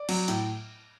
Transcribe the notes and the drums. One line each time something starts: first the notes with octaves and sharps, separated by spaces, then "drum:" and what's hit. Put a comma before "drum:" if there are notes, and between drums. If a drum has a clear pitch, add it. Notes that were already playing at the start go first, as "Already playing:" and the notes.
Already playing: D5
F#3, drum: cymbal
A2, drum: hi-hat